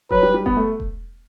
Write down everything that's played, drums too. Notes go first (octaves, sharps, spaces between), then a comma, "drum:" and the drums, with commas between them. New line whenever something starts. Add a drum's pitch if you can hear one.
F#3 B4, drum: kick E1
G3
G3
B3, drum: kick E1
A3
drum: kick E1